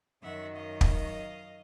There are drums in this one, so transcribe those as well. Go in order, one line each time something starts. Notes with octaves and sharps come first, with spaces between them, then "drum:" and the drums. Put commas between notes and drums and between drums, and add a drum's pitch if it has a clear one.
F#2 D#3 F#3 E5 F#5
D#5 F5
drum: kick